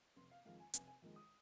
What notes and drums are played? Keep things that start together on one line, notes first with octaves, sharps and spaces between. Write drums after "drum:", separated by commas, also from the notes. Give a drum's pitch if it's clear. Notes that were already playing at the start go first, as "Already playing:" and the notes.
F1 C6
F5
F2 D#3 G#3 F5
G#5
F1 G#5, drum: hi-hat
G#5
F2 D#3 G#3
D#6